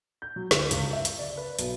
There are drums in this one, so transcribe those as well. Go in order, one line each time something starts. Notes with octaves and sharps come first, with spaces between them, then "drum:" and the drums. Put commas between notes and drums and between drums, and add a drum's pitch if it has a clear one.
G6
F#3
D2, drum: snare
C#2, drum: hi-hat
E5
drum: hi-hat
D5
B4
B1, drum: hi-hat